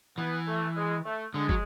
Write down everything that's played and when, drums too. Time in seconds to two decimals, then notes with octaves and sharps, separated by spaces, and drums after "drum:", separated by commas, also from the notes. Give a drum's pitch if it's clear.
0.17 E3 B3
0.47 A3
0.76 G#3
1.05 A3
1.34 D3 G#3
1.49 F#3, drum: kick